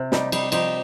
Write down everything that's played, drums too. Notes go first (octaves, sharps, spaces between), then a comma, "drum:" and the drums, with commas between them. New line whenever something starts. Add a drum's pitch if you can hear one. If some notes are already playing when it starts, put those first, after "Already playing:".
Already playing: C3
G3 D#4 G4, drum: snare
G3 D#4 G4, drum: cymbal
F3 D#4 G4, drum: cymbal